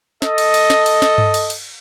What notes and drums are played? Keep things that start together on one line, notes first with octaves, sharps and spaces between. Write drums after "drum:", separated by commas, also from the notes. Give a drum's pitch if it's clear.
A4 D#5, drum: snare
drum: cymbal
drum: cymbal
drum: snare
drum: cymbal
drum: snare
drum: tom G2
drum: cymbal
drum: cymbal